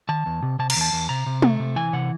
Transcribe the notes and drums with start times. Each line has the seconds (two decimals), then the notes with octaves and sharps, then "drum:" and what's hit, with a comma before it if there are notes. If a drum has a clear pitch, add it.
0.09 D#3 A5
0.26 E2
0.43 C3
0.59 C3 A5
0.70 A#5, drum: cymbal
0.76 E2 A5
0.93 E2
1.09 C3 A#5
1.26 C3
1.42 A3, drum: tom G#3
1.60 C3
1.76 E3 G#5
1.93 C3 F#5